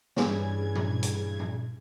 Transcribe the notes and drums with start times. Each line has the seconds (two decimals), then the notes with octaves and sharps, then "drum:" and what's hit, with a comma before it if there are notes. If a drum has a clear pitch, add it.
0.16 G2 E3 G3 C#4 G#4 G#6, drum: snare
0.75 drum: tom A#2
1.03 drum: hi-hat
1.39 drum: tom A#2